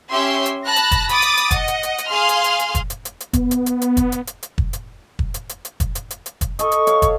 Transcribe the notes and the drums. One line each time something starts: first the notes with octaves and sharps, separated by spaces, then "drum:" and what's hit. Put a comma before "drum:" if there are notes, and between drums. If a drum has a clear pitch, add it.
C#4 G4 E5 C6
drum: hi-hat
A5 B5 F#6 A#6
drum: hi-hat
drum: kick, hi-hat
B5 D6 D#6 A6, drum: hi-hat
drum: hi-hat
drum: hi-hat
D#5 F#5, drum: kick, hi-hat
drum: hi-hat
drum: hi-hat
drum: hi-hat
G#4 F5 C6 F6
drum: hi-hat
drum: hi-hat
drum: hi-hat
drum: kick, hi-hat
drum: hi-hat
drum: hi-hat
drum: hi-hat
B3, drum: kick, hi-hat
drum: hi-hat
drum: hi-hat
drum: hi-hat
drum: kick, hi-hat
drum: hi-hat
drum: hi-hat
drum: hi-hat
drum: kick
drum: hi-hat
drum: kick
drum: hi-hat
drum: hi-hat
drum: hi-hat
drum: kick, hi-hat
drum: hi-hat
drum: hi-hat
drum: hi-hat
drum: kick, hi-hat
A4 D#5 C#6, drum: hi-hat
drum: hi-hat
C#5 F5, drum: hi-hat
drum: kick, hi-hat